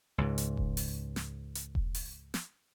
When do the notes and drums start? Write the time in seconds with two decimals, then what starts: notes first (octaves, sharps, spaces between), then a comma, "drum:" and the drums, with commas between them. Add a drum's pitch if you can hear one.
0.18 C#2 G#2
0.38 drum: hi-hat
0.57 drum: kick E1
0.77 drum: open hi-hat
1.16 drum: snare
1.55 drum: hi-hat
1.75 drum: kick E1
1.95 drum: open hi-hat
2.34 drum: snare